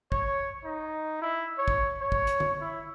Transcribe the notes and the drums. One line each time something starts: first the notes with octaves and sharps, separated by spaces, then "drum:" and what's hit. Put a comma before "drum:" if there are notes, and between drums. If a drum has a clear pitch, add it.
C#5, drum: kick
D#4
E4
C#5
drum: kick
C#5
drum: kick
drum: hi-hat
drum: tom D3
E4